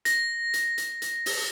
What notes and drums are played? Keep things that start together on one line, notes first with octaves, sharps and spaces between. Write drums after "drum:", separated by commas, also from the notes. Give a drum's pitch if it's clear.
A#6, drum: hi-hat
drum: hi-hat
drum: hi-hat
drum: hi-hat
drum: open hi-hat